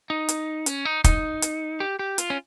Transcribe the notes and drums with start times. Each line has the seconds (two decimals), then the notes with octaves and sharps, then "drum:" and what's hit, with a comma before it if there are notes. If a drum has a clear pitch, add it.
0.10 D#4
0.29 drum: hi-hat
0.66 C#4, drum: hi-hat
0.85 D#4
1.04 D#4, drum: kick, hi-hat
1.42 drum: hi-hat
1.80 G4
1.99 G4
2.18 F4, drum: hi-hat
2.30 C#4